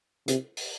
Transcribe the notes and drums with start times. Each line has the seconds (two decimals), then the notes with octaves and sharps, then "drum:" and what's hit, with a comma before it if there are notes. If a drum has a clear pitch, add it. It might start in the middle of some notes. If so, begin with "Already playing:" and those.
0.28 C3, drum: hi-hat
0.57 drum: open hi-hat